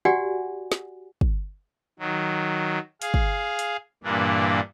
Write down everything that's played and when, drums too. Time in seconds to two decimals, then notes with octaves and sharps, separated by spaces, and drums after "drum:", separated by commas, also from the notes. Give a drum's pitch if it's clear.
0.05 F#4 G4 D5 F#5 G#5
0.72 drum: snare
1.21 drum: kick
1.99 D#3 F#3
3.02 G#4 F5, drum: hi-hat
3.14 drum: kick
3.59 drum: hi-hat
4.04 G2 A#2 E3 A#3 D4